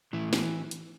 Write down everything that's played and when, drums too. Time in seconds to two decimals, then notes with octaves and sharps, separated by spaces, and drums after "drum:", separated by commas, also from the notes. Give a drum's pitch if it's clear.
0.13 A2 E3
0.33 E3, drum: snare
0.71 drum: hi-hat